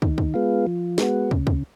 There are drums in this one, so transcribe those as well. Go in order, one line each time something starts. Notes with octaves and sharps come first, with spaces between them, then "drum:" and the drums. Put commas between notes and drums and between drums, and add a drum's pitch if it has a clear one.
D#3, drum: kick
drum: kick
G#3 B3 F4
F3
G#3 B3 F#4, drum: snare
C#3, drum: kick
drum: kick